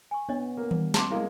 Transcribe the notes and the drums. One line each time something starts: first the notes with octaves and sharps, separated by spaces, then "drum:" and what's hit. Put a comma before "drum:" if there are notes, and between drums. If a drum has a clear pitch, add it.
G#5 C#6
B3 D4 C#5 D#5
A#3
G3, drum: tom D#3
C4 A5 C6 D6, drum: snare
G#3 A#3 E4 G#4 F5